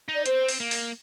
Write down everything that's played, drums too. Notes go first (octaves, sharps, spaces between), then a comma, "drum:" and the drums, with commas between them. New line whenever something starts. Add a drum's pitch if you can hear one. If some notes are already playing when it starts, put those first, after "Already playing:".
D#4
D5
C4 C5, drum: hi-hat
drum: open hi-hat
A#3
drum: open hi-hat